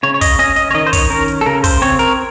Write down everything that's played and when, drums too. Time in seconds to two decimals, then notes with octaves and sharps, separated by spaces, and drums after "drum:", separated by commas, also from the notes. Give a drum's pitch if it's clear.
0.03 C#3 C#5
0.14 C#5
0.21 D#5, drum: kick, open hi-hat
0.39 C#4 D#5
0.56 D#5, drum: hi-hat
0.71 C#5
0.75 D#3 D#5
0.87 C5
0.93 C#5, drum: kick, open hi-hat
1.10 C#4 A#4
1.28 drum: hi-hat
1.41 A4
1.46 C#3 A#4
1.64 C5, drum: kick, open hi-hat
1.82 C4 C#5
1.99 A#4, drum: hi-hat